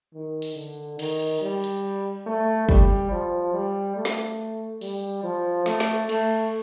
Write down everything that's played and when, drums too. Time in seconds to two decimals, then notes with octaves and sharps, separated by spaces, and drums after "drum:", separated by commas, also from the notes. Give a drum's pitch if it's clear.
0.14 D#3
0.42 drum: open hi-hat
0.56 D3
0.99 D#3, drum: cymbal
1.41 G3
1.64 drum: hi-hat
2.26 A3
2.69 G3, drum: kick
3.11 F3
3.54 G3
3.96 A3
4.05 drum: snare
4.81 G3, drum: open hi-hat
5.23 F3
5.66 A3, drum: snare
5.80 drum: snare
6.09 A3, drum: cymbal